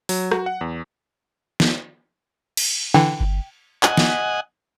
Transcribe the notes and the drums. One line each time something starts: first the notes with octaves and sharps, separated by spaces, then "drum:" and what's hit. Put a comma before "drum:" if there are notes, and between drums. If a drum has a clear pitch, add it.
F#3, drum: open hi-hat
F#4, drum: rim click
F#5
E2
drum: snare
drum: cymbal
D3 E3 G5
G1
D#5 F#5 G#5, drum: clap
drum: snare